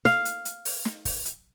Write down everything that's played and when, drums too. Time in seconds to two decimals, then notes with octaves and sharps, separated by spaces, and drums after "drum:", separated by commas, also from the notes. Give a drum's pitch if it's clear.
0.05 F5, drum: snare
0.25 drum: hi-hat
0.45 drum: hi-hat
0.65 drum: open hi-hat
0.85 drum: snare
1.05 drum: kick, open hi-hat
1.25 drum: hi-hat